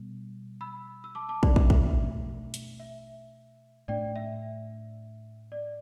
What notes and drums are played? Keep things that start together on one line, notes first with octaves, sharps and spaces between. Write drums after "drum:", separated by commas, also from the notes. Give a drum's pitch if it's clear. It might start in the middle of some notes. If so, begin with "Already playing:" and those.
Already playing: B2 G3 B3
B5 E6
E6
A5 D6
A5 D6
D5, drum: kick
E5, drum: kick
B2 A3 D4 E5, drum: kick
drum: hi-hat
E5
A2 A3 D4 D5 G5
E5
D5